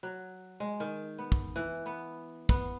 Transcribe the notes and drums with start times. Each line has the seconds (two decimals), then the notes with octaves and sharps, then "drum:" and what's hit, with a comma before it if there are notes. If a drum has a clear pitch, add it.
0.03 F#3
0.60 G#3
0.80 D#3
1.18 B3
1.32 drum: kick
1.56 E3
1.86 B3
2.49 B3, drum: kick